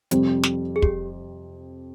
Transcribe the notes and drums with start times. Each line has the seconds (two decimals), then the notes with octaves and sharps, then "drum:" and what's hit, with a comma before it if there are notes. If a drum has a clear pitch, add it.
0.11 F2 C3 G3, drum: hi-hat
0.43 drum: snare
0.76 G#4
0.82 G4, drum: kick